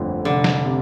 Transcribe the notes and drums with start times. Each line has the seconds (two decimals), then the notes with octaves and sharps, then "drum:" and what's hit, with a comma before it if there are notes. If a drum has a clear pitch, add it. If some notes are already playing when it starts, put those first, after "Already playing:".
Already playing: G1 F2 D3 A3 C4
0.25 F1 D3
0.44 drum: snare
0.65 C3